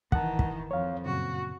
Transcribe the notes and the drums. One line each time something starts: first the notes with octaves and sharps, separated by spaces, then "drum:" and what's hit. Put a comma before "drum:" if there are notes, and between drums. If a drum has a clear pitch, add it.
D#3 E3 F#5 A5, drum: kick
drum: kick
F2 C#5 F5
F#2 A#2 C#3 F#4